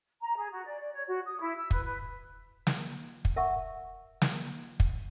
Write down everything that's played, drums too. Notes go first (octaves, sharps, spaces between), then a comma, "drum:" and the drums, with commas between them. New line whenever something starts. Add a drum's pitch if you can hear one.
A#5
G#4
F#4
D5
D5
C#5
F#4
D#6
E4
E6
B4, drum: kick
B4
drum: snare
drum: kick
A#4 E5 F#5 C#6
drum: snare
drum: kick